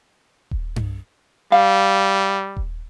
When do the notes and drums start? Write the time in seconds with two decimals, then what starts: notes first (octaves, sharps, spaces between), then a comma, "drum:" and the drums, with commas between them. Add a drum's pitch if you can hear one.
0.51 drum: kick D#1
0.76 drum: tom G2
1.52 G3 F5
2.57 drum: kick D#1